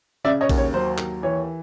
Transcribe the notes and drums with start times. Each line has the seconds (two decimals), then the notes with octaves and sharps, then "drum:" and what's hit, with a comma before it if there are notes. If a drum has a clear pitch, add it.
0.24 C#3 D5 E5
0.41 C#5 D#5
0.49 D#2, drum: kick A#1, cymbal
0.58 C#5
0.74 F#3 C5
0.98 D#2, drum: clap
1.23 E3 C#5